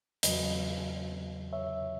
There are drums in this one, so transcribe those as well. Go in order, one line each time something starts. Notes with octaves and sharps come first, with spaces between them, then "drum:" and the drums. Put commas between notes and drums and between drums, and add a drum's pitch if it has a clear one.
E2 C#3 F#3 B4 D#5, drum: hi-hat
C#5 E5